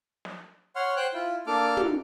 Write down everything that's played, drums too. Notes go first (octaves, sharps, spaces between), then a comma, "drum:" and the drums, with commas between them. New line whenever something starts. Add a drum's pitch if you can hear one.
drum: snare
C#5 F#5 C6 F6
C5 G5 F#6 G6
E4 F4
A#3 D4 A4 D6 F6
drum: tom